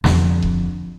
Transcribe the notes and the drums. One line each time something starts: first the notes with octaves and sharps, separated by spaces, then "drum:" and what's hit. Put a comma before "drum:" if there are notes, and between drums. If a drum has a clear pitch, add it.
F2 D3, drum: snare
drum: kick E1